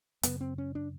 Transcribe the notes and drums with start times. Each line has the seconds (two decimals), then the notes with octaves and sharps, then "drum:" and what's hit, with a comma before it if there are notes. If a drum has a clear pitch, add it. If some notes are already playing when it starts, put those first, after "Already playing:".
0.23 F#2 C#3 B3, drum: hi-hat
0.41 C4
0.58 C#4
0.75 D4